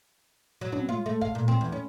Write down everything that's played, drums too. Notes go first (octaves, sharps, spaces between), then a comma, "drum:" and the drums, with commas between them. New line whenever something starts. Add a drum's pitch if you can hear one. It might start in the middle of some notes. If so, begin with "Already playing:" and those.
F#3
F#3, drum: tom
F4
A3
F5, drum: kick
A#2
C4
E2
C#4